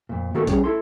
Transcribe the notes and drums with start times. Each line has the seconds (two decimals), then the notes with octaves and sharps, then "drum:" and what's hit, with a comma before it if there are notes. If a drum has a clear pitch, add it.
0.09 F2 A#2
0.34 D#3 A#3 F#4 A4 A#4
0.47 G3 C#4 G#4 C#5, drum: kick A#1, hi-hat
0.64 E4 A4 C6